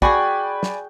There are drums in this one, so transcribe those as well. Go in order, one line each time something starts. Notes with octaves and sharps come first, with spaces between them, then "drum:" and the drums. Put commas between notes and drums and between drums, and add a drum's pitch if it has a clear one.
F#4 G#4 D5 G5 G#5 B5, drum: kick
drum: snare